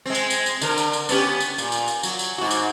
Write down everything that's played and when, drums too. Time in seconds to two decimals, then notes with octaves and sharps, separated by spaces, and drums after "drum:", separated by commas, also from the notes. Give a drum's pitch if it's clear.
0.06 G#3 C4
0.15 drum: tambourine
0.30 drum: tambourine
0.46 drum: tambourine
0.61 D3 A#4, drum: tambourine
0.78 drum: tambourine
0.93 drum: tambourine
1.09 B3 C#4 G4, drum: tambourine
1.40 drum: tambourine
1.58 A#2, drum: tambourine
1.72 drum: tambourine
1.88 drum: tambourine
2.03 F#3, drum: tambourine
2.19 drum: tambourine
2.38 G#2 F#4
2.51 drum: tambourine